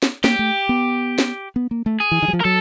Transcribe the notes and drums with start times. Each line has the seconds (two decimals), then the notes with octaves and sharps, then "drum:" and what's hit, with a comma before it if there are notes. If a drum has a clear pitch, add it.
0.03 drum: snare
0.24 A#3 G4, drum: snare
0.39 A3
0.69 B3
1.19 drum: snare
1.56 B3
1.71 A#3
1.86 A3
2.00 G#4
2.11 E3
2.22 D#3
2.28 F#3
2.33 F3
2.41 A#4
2.44 F#3 A4